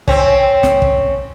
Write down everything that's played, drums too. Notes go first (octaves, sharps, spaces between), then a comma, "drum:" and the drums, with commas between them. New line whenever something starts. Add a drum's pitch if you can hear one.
C4 C#4, drum: kick
drum: snare
drum: kick